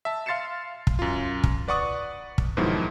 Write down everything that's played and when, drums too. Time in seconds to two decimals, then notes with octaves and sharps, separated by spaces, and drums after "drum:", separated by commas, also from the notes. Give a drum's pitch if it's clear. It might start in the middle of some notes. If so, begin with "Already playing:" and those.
0.05 E5 A5
0.26 F5 C6 A6 C7 C#7 E7
0.87 drum: kick
0.99 F#2 F4
1.44 drum: kick
1.68 B4 D5 F#5 C#6 D#6
2.38 drum: kick
2.57 G#2 B2 D#3 F3 F#3 E4